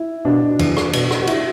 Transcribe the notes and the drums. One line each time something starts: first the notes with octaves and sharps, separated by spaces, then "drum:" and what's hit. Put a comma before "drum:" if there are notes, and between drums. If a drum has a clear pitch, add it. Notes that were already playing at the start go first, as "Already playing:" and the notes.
Already playing: E4
B2 D4
E2, drum: cymbal
drum: rim click
B2, drum: cymbal
drum: rim click
F#4
E4, drum: cymbal